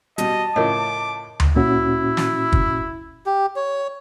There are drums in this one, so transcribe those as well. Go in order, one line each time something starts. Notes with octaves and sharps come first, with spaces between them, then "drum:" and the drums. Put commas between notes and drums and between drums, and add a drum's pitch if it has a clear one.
B2 G3 D#5 A5, drum: hi-hat
A2 C#3 F3 A#4 C#5 D#5 D6
drum: tom D2
A#2 C#4 E4 F#4
drum: snare
drum: kick
G4
C#5